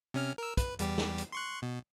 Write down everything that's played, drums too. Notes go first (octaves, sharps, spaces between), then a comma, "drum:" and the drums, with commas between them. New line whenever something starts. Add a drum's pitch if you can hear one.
C3 C#4 F6
A#4 E6
B4, drum: kick, hi-hat
E2 G3 G4, drum: hi-hat
drum: snare
drum: hi-hat
C6 C#6 F#6
B2